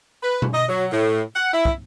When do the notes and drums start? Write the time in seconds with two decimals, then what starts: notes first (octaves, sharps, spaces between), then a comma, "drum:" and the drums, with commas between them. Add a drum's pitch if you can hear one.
0.23 B4
0.42 drum: tom B2
0.54 D#5
0.69 F#3
0.91 A2
1.35 F#5
1.53 E4
1.65 drum: kick